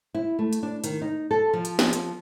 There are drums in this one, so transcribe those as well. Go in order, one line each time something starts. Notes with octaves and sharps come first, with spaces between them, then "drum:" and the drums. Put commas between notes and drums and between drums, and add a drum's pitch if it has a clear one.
E4
A3
drum: hi-hat
D4
D#3, drum: hi-hat
D#4
A4
F3
drum: hi-hat
drum: snare
drum: hi-hat